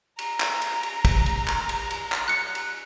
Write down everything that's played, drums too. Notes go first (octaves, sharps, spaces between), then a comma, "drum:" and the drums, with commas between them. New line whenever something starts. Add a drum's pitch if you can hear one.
A#5, drum: cymbal
drum: clap
drum: cymbal
drum: cymbal
drum: kick, cymbal
drum: cymbal
drum: clap
drum: cymbal
drum: cymbal
drum: clap
F#6 C#7
drum: cymbal